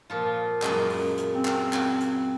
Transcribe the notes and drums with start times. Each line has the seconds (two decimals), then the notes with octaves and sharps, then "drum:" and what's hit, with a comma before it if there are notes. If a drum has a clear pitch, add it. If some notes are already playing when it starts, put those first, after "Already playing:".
0.10 A#2 F3 F4
0.62 F#2 A#2 G#3, drum: clap
0.90 drum: open hi-hat
1.17 drum: hi-hat
1.35 C4
1.45 drum: clap
1.73 drum: clap
2.00 drum: hi-hat